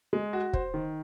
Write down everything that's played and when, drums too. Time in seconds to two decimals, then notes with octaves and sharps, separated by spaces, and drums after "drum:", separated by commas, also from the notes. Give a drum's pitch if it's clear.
0.13 G#3
0.33 F#4
0.53 C5, drum: kick
0.74 D#3